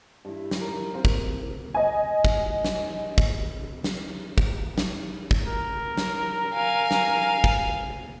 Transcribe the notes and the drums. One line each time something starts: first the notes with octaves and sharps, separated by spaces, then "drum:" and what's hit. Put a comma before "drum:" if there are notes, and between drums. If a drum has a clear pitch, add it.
G2 E4
drum: snare
A#4
C4 A#4 F5
drum: kick
D#5 G#5
drum: kick
drum: snare
drum: kick
drum: snare
drum: kick
drum: snare
drum: kick
A#4
drum: snare
F5 G#5
drum: snare
drum: kick